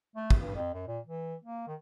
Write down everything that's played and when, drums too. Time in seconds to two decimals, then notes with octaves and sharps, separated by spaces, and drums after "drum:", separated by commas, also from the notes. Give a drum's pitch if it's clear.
0.16 A3
0.30 drum: kick
0.40 G2
0.56 F2
0.74 F#2
0.87 A#2
1.07 E3
1.44 A#3
1.67 D#3